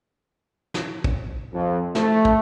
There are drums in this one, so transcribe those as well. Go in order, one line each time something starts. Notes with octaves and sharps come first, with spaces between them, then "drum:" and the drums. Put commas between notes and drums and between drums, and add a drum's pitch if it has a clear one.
drum: snare
drum: kick
F2
A3, drum: snare
drum: kick